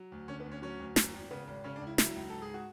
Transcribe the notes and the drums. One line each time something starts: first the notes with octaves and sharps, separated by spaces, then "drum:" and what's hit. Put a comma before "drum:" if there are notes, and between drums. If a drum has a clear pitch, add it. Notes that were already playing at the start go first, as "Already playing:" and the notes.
Already playing: F#3
D2
D3 C#4
B3
D2
C#4
F#3 C#4
D2
F#2, drum: snare
G#1
C#3 B3
G#1
C#3 C#4
D4
C#2
E4
F#3 E4, drum: snare
C#2
G#2 A4
G#4
F#4